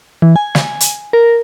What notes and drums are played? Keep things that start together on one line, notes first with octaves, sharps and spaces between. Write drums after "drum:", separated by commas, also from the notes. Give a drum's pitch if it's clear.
E3
G#5
drum: snare
drum: hi-hat
A#4